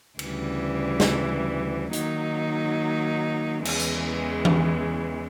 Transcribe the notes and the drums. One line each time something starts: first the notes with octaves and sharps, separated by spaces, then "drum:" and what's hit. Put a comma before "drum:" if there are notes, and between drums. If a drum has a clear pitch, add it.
D2 C#3 E3 G3, drum: cymbal
drum: snare
D#3 F#3 A#3 D#4, drum: hi-hat
E2 C#3 E3 G#3, drum: cymbal
drum: tambourine
drum: tom E3